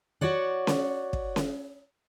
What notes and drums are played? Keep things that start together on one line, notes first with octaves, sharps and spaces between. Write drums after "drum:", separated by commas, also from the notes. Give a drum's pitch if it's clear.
F#4 C#5 D5 F#5
drum: snare C#4
drum: kick
drum: snare C#4